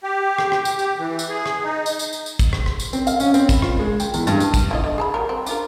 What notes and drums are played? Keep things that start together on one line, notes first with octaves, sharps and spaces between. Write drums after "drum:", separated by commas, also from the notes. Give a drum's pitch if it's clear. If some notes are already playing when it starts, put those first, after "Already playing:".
G4
drum: rim click
drum: rim click
drum: tambourine
G4, drum: tambourine
E3
drum: tambourine
G#4
drum: rim click
D#4
drum: tambourine
drum: tambourine
drum: tambourine
drum: tambourine
drum: kick, tambourine
drum: rim click
drum: rim click
drum: tambourine
C4, drum: tambourine
F5, drum: tambourine
C#4, drum: tambourine
C4, drum: tambourine
B5, drum: kick, tambourine
F4, drum: rim click
G#3
G5, drum: tambourine
E2, drum: tambourine
G2, drum: tambourine
drum: tambourine
drum: kick, tambourine
E4 F4 D#5
D3
G#4 A5 B5
F#3 G3 A#4
C4
D4 F4 A#4, drum: tambourine